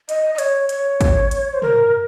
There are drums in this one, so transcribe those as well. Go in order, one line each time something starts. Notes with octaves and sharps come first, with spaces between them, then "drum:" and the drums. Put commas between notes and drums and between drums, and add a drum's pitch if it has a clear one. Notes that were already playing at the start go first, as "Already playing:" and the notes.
D#5, drum: hi-hat
D#5
C#5, drum: hi-hat
C#5, drum: hi-hat
drum: kick, hi-hat
drum: hi-hat
C5
A#4, drum: tom